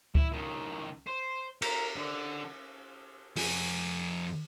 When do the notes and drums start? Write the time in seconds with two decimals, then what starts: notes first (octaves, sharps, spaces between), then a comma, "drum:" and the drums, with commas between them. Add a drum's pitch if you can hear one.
0.15 E4, drum: kick C#2
0.32 C#2 D#3
1.07 C5
1.62 A#4 A#5, drum: cymbal
1.97 D3
3.36 F2 G#5, drum: open hi-hat